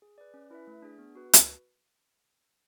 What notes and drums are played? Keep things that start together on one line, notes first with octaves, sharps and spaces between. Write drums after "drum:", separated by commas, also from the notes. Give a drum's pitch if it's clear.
G#4
B4 D5
C#4
E4 B4 E5
A3
D4 G#4
B3
F#4 B4
drum: hi-hat